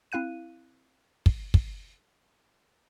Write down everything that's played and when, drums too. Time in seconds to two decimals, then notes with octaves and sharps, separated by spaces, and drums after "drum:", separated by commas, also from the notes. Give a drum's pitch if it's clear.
0.12 C4 E4 F5 F#6 D#7
1.26 drum: kick
1.54 drum: kick